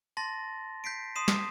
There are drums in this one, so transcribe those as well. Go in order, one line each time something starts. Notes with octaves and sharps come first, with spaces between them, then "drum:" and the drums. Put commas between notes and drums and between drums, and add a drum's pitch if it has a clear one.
A5 C6 A6 A#6
G6 B6 C7 D7
C6 D#6 C7 D#7 E7
drum: snare